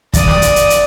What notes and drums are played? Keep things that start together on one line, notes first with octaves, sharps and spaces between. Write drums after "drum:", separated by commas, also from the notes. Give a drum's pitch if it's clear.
D5 D#6, drum: kick, hi-hat
drum: snare
drum: hi-hat
drum: hi-hat
drum: hi-hat